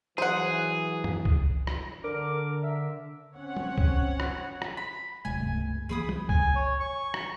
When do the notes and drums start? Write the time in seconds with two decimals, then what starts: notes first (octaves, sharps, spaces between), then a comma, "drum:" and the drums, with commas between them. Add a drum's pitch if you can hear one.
0.18 E3 F#3 G#4 C5 F#5
1.04 drum: tom
1.25 drum: kick C#2
1.67 drum: rim click
2.04 D3 A#4 D6
2.64 E5
3.34 C4 C#4 C#5 F#5
3.57 drum: tom
3.78 drum: kick C#2
4.20 drum: rim click
4.62 drum: rim click
4.77 B5
5.25 D#1 C3 G#3 G#5
5.40 C#2 G2 A3
5.89 C2 E3 A#3 G#4 B5 D#6
6.09 drum: tom
6.29 G#5, drum: kick C#2
6.56 C#5
6.80 C#6
7.14 drum: rim click